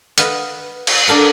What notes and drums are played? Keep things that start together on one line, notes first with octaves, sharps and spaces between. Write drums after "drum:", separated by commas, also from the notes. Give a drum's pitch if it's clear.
B4 D#5 F5 F#5, drum: hi-hat
drum: cymbal
D4 A4 A#4 F#5